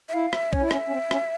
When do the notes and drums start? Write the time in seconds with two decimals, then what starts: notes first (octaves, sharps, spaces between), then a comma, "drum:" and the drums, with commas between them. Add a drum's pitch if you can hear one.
0.09 E5
0.13 E4 F5
0.33 E5, drum: rim click
0.53 C#4 C#5, drum: kick B1
0.61 E4
0.71 C#4 E5, drum: rim click
0.87 C#4
0.92 C4
1.11 C#4, drum: rim click